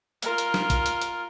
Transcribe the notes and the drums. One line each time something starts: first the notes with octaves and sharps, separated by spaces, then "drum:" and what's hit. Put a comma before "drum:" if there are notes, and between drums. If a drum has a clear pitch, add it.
F4 A#4, drum: hi-hat
drum: hi-hat
drum: snare
drum: kick, hi-hat
drum: hi-hat
drum: hi-hat